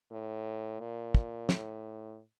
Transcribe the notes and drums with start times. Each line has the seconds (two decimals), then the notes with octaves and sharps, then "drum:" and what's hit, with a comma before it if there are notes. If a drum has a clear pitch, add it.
0.12 A2
0.80 A#2
1.15 drum: kick
1.49 A2, drum: snare